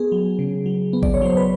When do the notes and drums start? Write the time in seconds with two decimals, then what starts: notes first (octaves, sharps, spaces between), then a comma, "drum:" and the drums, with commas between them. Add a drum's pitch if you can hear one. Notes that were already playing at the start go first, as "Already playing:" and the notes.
Already playing: B3 G#4
0.12 F#3
0.39 C#3
0.66 F#3
0.93 B3
1.03 D5, drum: kick A1
1.14 C#5
1.22 F#3 C5
1.37 B4